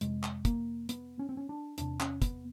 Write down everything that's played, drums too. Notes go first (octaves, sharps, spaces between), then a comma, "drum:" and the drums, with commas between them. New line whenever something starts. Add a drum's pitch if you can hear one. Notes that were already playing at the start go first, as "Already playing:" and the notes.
F2 C3 G#3, drum: hi-hat
drum: clap
A#3, drum: kick, hi-hat
B3, drum: hi-hat
C#4
C4
C#4
D4
E2 C3 D4, drum: hi-hat
C#4, drum: clap
B3, drum: kick, hi-hat